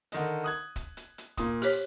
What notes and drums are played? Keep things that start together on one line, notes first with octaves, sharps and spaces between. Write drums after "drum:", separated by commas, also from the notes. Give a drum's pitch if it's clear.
D3 D#3 D#5, drum: hi-hat
D#6 F#6 G#6
drum: kick, hi-hat
drum: hi-hat
drum: hi-hat
A#2 D#6, drum: kick, hi-hat
G4 C5 C#5 F#6, drum: open hi-hat